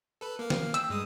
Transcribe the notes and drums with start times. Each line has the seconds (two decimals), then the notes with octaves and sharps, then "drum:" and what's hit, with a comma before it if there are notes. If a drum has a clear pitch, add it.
0.21 A4 B4
0.39 A#3 F5
0.50 drum: snare
0.74 G5 E6, drum: hi-hat
0.89 G2 G#3 D#6